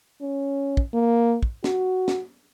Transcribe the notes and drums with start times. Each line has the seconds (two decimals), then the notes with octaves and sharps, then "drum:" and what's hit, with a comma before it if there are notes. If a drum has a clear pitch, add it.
0.21 C#4
0.77 drum: kick
0.93 A#3
1.43 drum: kick
1.64 F#4, drum: snare
2.08 drum: snare